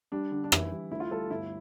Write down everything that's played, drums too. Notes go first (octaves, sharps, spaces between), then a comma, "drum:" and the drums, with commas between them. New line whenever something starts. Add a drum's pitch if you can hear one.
G3 D4
D3
D4
E3 E4, drum: rim click
G3
D2 E4
F4
G3 A4
G1 E4